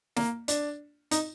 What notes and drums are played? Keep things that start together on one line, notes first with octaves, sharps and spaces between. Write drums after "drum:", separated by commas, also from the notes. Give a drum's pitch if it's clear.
A#3, drum: snare
D4, drum: hi-hat
D#4, drum: hi-hat